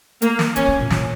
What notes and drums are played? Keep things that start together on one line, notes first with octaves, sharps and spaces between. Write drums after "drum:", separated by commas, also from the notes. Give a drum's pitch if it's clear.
A#3, drum: hi-hat
drum: snare
A#3 C#4, drum: hi-hat
A#3
A#2
A#2, drum: snare